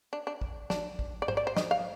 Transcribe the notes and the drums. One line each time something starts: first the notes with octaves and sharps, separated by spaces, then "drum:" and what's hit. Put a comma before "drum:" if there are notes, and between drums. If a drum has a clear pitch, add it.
D4
D4
drum: kick
D4, drum: snare
drum: kick
D5
C5, drum: tom G#2
D5
C5
D#5, drum: snare
F5